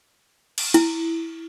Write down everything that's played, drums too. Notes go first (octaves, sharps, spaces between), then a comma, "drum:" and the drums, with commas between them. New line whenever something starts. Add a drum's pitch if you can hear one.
drum: cymbal
E4, drum: hi-hat